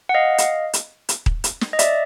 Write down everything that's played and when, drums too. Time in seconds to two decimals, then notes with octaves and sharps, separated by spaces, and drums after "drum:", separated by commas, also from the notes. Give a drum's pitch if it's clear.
0.09 F#5
0.15 D#5 F5
0.38 drum: hi-hat
0.73 drum: hi-hat
1.09 drum: hi-hat
1.26 drum: kick D#1
1.44 drum: hi-hat
1.61 drum: snare
1.73 D#5
1.79 D5 E5, drum: hi-hat